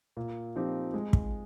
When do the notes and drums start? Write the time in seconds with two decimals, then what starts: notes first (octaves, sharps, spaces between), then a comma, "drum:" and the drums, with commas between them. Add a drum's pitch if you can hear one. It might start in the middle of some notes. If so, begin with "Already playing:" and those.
0.17 A#2
0.56 F3 C4 D#4 G4
0.94 G#3
1.13 drum: kick